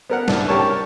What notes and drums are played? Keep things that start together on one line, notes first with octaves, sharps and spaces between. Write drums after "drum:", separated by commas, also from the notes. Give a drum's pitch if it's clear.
B3 A#4 F#5
C2 D4, drum: snare
G4 A#4 C#5 A5 C#6